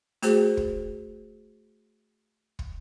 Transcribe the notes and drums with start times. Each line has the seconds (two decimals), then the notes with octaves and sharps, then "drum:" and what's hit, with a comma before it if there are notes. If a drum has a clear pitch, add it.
0.23 A3 F#4 G#4 C5, drum: hi-hat
0.57 drum: kick
2.59 drum: kick